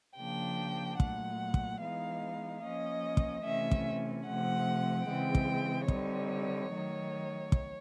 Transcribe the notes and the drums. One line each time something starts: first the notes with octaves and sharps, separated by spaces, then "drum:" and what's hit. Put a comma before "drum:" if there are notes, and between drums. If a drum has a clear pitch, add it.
C#3 F3 A#3 D4 G5
A#2 F#3 A3 F#5, drum: kick
drum: kick
E3 G#3 B3 D#4 F5
F3 A#3 C#4 D#5
drum: kick
C3 E3 A3 C#4 E5
drum: kick
C3 F3 A3 F#5
C#3 E3 G#3 C4 G5
drum: kick
D3 G3 C4 D#4 C#5, drum: kick
D#3 F#3 A3
drum: kick